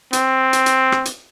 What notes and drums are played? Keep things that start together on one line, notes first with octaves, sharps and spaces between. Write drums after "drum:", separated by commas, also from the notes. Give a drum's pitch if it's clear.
C4, drum: hi-hat
drum: hi-hat
drum: hi-hat
drum: rim click
drum: hi-hat